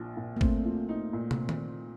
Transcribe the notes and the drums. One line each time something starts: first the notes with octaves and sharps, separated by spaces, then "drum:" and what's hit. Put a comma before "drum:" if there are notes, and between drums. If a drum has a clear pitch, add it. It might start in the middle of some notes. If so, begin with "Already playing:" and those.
Already playing: A#1 A#2 F3
A#2
A#3
A3 C4, drum: kick G#1
F3
D#4
A#2
drum: tom
drum: tom D#3